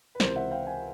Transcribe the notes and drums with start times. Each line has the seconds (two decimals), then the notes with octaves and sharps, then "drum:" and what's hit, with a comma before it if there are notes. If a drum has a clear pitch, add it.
0.15 B4
0.20 C#2 C3 E3 A#4 C5, drum: snare
0.35 E5 F#5
0.51 F5 G5
0.67 F#5 G#5